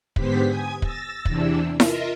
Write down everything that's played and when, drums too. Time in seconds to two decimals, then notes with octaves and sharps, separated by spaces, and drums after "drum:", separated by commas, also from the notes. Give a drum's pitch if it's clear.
0.16 G#2 D3 B3 G4 C5 B6, drum: kick
0.48 G#5 D#6 G#6
0.82 E6 A6 A#6, drum: kick
1.25 E2 C3 E3 D4 E6, drum: kick
1.80 F4 A#4 D#5 E5, drum: snare E4